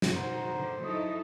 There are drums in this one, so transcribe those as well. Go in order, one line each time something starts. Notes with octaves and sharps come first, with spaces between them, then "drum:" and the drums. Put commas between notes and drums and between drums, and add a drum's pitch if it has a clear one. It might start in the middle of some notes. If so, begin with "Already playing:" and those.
drum: snare
B2 D#3 C5 F#5 A#5
D3
F#3 D#4 E4 A4 D#5 D#6